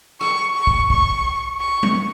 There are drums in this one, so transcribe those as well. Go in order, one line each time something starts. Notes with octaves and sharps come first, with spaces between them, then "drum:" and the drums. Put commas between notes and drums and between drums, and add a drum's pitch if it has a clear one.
C#6, drum: rim click
C#6
drum: kick
C#6, drum: kick
C#6
drum: tom F#3